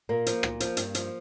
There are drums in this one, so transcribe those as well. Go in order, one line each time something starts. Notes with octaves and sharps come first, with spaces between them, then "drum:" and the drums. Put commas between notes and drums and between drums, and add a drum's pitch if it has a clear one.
A#2 A#3
F3, drum: hi-hat
A#2, drum: rim click
F3, drum: hi-hat
G2, drum: hi-hat
F3, drum: hi-hat